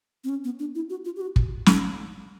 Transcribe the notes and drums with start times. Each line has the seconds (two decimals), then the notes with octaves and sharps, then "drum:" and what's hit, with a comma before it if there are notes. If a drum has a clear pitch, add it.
0.24 C4
0.29 C#4
0.44 B3
0.59 D4
0.75 E4
0.90 F#4
1.05 F4
1.16 G4
1.21 F#4
1.36 drum: kick
1.66 drum: snare